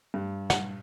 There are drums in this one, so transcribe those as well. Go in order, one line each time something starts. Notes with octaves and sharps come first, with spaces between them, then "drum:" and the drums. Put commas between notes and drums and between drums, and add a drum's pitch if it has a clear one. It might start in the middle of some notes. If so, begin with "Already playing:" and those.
G2
F#5, drum: snare